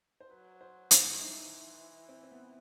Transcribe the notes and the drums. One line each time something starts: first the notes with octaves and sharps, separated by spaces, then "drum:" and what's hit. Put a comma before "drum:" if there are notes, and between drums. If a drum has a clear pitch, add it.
C5
F#3 B4
C5
E4, drum: hi-hat
E3 D#4
C4
C4
B3